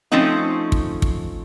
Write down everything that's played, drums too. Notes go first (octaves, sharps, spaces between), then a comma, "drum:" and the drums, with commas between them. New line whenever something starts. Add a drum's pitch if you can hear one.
F3 A3 C4 C#4 D#4
drum: kick
drum: kick